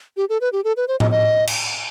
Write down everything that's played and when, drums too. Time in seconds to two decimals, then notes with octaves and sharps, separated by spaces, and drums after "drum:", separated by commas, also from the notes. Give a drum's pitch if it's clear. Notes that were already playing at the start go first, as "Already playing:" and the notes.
0.17 G4
0.29 A4
0.41 B4
0.53 G4
0.64 A4
0.77 B4
0.88 C5
1.00 D#5, drum: tom A2
1.11 D#5
1.47 drum: cymbal